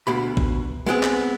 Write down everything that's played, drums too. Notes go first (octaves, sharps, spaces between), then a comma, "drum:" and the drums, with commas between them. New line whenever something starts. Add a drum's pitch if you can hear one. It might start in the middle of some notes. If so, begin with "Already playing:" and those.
D2 B2 B5
drum: kick A#1
G#3 B3 C4 G#4
drum: clap